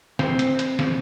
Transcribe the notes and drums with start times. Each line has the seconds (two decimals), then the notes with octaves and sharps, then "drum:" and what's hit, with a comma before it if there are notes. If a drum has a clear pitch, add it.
0.19 C4, drum: snare
0.39 drum: hi-hat
0.59 drum: hi-hat
0.79 drum: snare